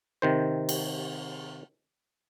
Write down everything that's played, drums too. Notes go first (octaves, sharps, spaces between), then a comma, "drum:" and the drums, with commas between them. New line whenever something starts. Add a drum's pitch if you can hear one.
C3 D#3 C5
drum: cymbal